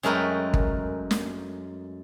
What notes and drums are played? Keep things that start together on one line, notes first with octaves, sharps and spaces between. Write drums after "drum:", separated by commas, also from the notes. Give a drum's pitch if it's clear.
F#2 G#3 A3 A#4 B4 G5
drum: kick
drum: snare